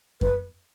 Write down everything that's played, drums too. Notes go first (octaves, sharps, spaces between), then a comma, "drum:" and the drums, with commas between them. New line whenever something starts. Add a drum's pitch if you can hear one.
B4, drum: kick F#2